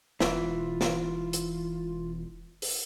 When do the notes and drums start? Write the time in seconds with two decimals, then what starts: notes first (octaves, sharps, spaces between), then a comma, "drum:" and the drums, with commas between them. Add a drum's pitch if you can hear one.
0.20 E1 E3 F4, drum: snare
0.81 drum: snare
1.33 drum: hi-hat
2.62 drum: open hi-hat